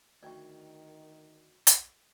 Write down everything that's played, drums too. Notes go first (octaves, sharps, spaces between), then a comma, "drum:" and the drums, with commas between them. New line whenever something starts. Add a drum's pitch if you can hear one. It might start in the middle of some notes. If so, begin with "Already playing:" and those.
D2 D#3 D5 G5 C#6
drum: hi-hat